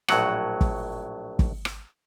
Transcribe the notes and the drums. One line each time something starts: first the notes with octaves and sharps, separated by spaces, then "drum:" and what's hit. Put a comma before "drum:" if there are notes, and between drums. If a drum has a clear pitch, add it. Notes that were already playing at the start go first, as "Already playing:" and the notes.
A#1 A2 F#3 F#5, drum: rim click
drum: kick
drum: kick
drum: rim click